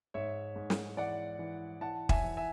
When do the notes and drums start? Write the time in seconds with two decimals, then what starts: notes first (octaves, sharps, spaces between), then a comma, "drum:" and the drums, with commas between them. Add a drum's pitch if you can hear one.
0.14 G#2 C#5 E5
0.56 G#2
0.70 drum: snare
0.97 E3 D5 F#5
1.39 E3
1.81 E3 F#5 A5
2.09 E5 G#5, drum: kick
2.24 E3
2.37 E5 G#5